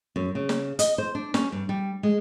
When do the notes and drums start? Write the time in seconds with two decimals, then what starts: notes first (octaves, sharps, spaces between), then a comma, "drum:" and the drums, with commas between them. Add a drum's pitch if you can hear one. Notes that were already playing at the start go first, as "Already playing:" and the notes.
0.16 F#2
0.35 C#3
0.49 drum: snare
0.79 D#5, drum: hi-hat
0.98 C5
1.15 D4
1.34 C#4, drum: snare
1.52 G2
1.69 G3
2.03 G#3